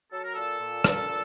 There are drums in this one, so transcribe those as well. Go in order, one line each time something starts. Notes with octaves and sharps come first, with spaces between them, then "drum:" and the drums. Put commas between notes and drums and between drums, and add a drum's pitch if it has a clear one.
F#3 A4
A#4
A#2 A4
A#2
A#2, drum: rim click
A#2